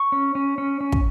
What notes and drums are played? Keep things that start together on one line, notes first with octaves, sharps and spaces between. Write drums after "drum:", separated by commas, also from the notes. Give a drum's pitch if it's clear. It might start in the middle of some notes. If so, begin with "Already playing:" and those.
Already playing: C#6
C#4
C#4
C#4
C#4
drum: kick